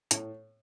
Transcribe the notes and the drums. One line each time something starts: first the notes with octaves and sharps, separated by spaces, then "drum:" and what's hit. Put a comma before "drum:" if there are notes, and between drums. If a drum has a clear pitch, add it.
A2, drum: hi-hat